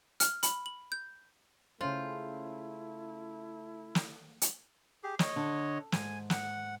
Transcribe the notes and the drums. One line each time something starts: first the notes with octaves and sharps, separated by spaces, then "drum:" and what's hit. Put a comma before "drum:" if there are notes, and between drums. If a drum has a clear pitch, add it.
F6, drum: hi-hat
B5, drum: hi-hat
F#7
G6
C#3 A3 C#4 E4 F4 C5
drum: snare
drum: hi-hat
G4 G#4
C#5 D#5, drum: snare
D3
G#2 G#5, drum: snare
F#5, drum: snare